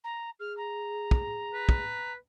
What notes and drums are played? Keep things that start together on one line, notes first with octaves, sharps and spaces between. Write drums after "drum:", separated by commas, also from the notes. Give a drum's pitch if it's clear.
A#5
G#4 F6
A#5
drum: kick
B4
drum: kick